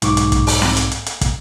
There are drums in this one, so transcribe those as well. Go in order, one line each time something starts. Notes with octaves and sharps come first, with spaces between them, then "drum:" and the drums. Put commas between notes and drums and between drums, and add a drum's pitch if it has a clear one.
B1 G#2 C#6 D6, drum: hi-hat
drum: hi-hat
drum: kick, hi-hat
drum: open hi-hat
drum: snare
drum: hi-hat
drum: hi-hat
drum: hi-hat
drum: kick, hi-hat